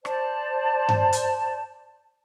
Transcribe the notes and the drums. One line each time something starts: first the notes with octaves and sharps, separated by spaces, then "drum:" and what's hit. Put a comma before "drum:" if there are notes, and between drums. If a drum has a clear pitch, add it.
C5 D5 A5, drum: rim click
drum: tom G2
drum: hi-hat